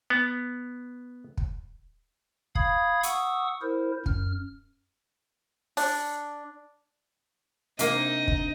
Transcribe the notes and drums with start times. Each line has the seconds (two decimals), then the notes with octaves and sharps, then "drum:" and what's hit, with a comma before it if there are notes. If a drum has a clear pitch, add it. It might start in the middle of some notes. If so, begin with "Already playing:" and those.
0.10 B3
1.37 drum: kick
2.55 F5 B5 D#6 G#6, drum: kick
3.03 F#5 C#6 D#6 E6, drum: hi-hat
3.62 E4 A#4 C5
4.06 F#2 F6, drum: kick
5.77 D4, drum: open hi-hat
7.79 C3 A#3 D4 D#4 D#5, drum: hi-hat
8.28 drum: kick